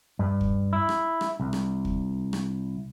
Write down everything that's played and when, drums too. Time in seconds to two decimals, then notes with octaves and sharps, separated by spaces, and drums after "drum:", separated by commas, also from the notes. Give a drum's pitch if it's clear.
0.19 G2
0.41 drum: kick
0.73 E4
0.89 drum: rim click
1.21 drum: rim click
1.40 C2
1.53 drum: rim click
1.85 drum: kick
2.33 drum: rim click